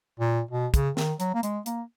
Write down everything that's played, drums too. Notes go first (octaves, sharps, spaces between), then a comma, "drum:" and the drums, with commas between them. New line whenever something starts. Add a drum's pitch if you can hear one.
A#2
B2
C#3, drum: kick, hi-hat
D#3, drum: snare
F#3, drum: hi-hat
A#3
G#3, drum: hi-hat
A#3, drum: hi-hat